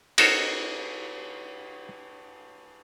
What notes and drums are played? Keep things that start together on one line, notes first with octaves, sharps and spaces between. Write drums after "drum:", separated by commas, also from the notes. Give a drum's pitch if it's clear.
D#4 F#4 A4 A#4 C5 C#5, drum: cymbal